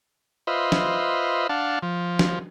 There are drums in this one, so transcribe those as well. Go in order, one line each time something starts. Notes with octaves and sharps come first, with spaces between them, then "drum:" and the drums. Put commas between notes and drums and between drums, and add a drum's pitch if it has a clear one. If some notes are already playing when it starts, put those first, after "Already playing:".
F4 B4 C5 D#5 E5
drum: snare
D4 F5 F#5 A5
F3
drum: snare